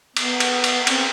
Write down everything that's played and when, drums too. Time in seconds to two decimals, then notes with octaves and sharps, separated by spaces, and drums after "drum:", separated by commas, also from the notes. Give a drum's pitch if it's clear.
0.17 B3, drum: cymbal
0.40 drum: cymbal
0.64 drum: cymbal
0.87 C4, drum: cymbal